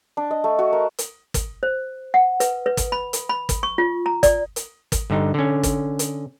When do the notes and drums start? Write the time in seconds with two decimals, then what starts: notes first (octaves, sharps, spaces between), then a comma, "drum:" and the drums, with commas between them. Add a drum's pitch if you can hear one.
0.17 D4
0.31 D#5
0.44 A3
0.59 F#4
0.73 A#4
0.98 drum: hi-hat
1.34 drum: kick, hi-hat
1.63 C5
2.14 F#5
2.40 B4, drum: hi-hat
2.66 B4
2.77 drum: kick, hi-hat
2.92 B5
3.13 drum: hi-hat
3.29 B5
3.49 drum: kick, hi-hat
3.63 C#6
3.78 F4
4.06 A#5
4.23 D5, drum: kick, hi-hat
4.56 drum: hi-hat
4.92 drum: kick, hi-hat
5.10 G2 D3 D#4
5.34 D3 C#4
5.63 drum: kick, hi-hat
5.99 drum: hi-hat